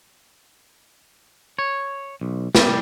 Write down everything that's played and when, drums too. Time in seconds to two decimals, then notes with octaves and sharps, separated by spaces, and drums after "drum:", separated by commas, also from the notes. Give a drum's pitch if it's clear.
1.59 C#5
2.21 B1
2.55 G3, drum: snare